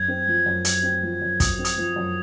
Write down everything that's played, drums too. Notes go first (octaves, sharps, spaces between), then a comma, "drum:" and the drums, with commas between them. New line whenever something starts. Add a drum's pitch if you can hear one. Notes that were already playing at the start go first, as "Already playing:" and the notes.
Already playing: F#2 G#6
C4
F3
F#2
F#2, drum: hi-hat
C4
F3
F#2
F#2 D#6, drum: kick, hi-hat
C4
D#6, drum: hi-hat
F3
F#2